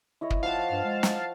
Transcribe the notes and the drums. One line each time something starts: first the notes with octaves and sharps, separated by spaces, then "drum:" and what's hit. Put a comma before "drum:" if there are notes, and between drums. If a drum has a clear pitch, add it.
E4 C#5 D#5
drum: kick
F3 F5 F#5 A5
G2
G#3
drum: snare